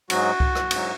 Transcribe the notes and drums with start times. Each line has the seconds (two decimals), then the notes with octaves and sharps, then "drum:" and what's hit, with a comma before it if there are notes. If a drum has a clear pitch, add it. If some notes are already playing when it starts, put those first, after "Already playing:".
0.10 G#2 F#3 F#4, drum: cymbal
0.40 drum: kick C2
0.55 drum: rim click
0.71 G#2 F#3, drum: cymbal